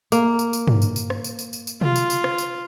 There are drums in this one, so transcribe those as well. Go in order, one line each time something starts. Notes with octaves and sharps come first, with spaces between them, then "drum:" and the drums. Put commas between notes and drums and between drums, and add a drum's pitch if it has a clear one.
A#3, drum: tambourine
drum: tambourine
drum: tambourine
drum: tom
drum: tambourine
drum: tambourine
drum: rim click
drum: tambourine
drum: tambourine
drum: tambourine
drum: tambourine
F4, drum: tom
drum: tambourine
drum: tambourine
drum: rim click
drum: tambourine